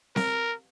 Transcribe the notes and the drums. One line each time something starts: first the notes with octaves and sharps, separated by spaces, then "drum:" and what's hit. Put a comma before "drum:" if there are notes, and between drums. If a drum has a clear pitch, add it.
A#4, drum: snare C4